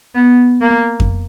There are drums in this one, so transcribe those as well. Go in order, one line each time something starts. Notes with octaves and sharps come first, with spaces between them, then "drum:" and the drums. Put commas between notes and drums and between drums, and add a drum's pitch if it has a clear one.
B3
A#3
drum: kick F2